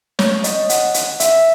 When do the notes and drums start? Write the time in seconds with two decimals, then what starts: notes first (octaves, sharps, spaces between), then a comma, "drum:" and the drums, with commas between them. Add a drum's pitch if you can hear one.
0.19 C#5, drum: snare
0.44 D#5, drum: hi-hat
0.69 F#5, drum: hi-hat
0.94 drum: hi-hat
1.20 E5, drum: hi-hat